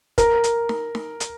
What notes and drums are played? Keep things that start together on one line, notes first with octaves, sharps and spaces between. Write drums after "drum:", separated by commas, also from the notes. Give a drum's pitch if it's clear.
A#4, drum: kick, hi-hat
drum: hi-hat
drum: snare D#4
drum: snare D#4
drum: hi-hat